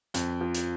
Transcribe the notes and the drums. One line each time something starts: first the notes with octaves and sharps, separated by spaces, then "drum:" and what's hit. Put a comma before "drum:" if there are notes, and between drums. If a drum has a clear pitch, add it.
F2, drum: hi-hat
F3
drum: hi-hat